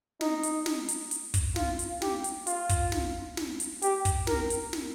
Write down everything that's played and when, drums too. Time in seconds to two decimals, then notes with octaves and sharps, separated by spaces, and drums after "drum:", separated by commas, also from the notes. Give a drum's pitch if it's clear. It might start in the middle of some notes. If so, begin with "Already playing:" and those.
0.21 D#4, drum: snare
0.43 drum: hi-hat
0.66 drum: snare
0.88 drum: hi-hat
1.11 drum: hi-hat
1.34 drum: kick, hi-hat
1.56 F4, drum: snare
1.79 drum: hi-hat
2.02 G4, drum: snare
2.24 drum: hi-hat
2.47 F4, drum: hi-hat
2.69 drum: kick, hi-hat
2.92 drum: snare
3.37 drum: snare
3.60 drum: hi-hat
3.82 G4, drum: hi-hat
4.05 drum: kick, hi-hat
4.27 A#4, drum: snare
4.50 drum: hi-hat
4.73 drum: snare